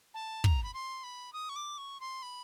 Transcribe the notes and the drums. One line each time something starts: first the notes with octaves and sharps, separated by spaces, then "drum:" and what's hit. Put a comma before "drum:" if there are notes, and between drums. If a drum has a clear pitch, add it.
A5
A#5, drum: kick
B5
C6
B5
D#6
C#6
D6
C#6
C6
B5